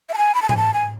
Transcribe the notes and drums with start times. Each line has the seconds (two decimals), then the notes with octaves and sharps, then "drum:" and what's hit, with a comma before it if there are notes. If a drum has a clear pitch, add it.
0.09 E5
0.14 A5
0.18 G#5
0.35 B5
0.42 A5
0.49 G#5, drum: tom G#2
0.57 A5
0.74 G#5